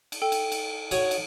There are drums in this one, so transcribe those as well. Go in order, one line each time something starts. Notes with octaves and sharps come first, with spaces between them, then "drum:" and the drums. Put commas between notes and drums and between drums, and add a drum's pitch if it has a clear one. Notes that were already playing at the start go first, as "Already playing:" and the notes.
drum: cymbal
A4 G5
drum: cymbal
drum: cymbal
F#4 C#5 D#6, drum: cymbal
drum: cymbal